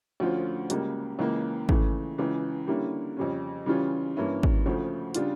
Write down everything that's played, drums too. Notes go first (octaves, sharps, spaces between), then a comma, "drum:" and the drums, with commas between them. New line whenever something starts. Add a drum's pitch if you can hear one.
D2 D3 F3 C#4 F4
C#2 C#3 G3 A#3, drum: hi-hat
C#2 C#3 E3 A#3
C#3 E3 A3, drum: kick
C#2 C#3 E3
D3 G3 A#3 C#4 E4
F2 C#3 G3 C#4
C#3 E3 G3 C#4 F4
G2 E3 A#3 C#4 E4
drum: kick
D2 C#3 F3 A3
C#3 G3 D4 F4, drum: hi-hat